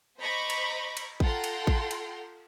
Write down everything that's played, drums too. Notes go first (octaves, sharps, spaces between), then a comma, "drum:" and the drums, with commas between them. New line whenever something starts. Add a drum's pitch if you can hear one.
C5 D#5 A#5 B5 C#6 D6
drum: cymbal
drum: cymbal
F4 A4 F#5 G5 A#5 C6, drum: kick A1
drum: cymbal
drum: kick A1
drum: cymbal